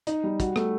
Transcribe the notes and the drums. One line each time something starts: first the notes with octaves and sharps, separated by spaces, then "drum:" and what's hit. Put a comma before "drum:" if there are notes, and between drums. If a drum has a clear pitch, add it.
D#4, drum: hi-hat
G3
F#4, drum: kick, hi-hat
A3, drum: rim click